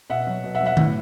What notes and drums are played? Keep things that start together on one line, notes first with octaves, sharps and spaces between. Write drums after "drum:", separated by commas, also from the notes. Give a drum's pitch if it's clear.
B2 E5 F#5
F#3
B2
E5 F#5
F#3
E5 F#5
A2, drum: tom D#3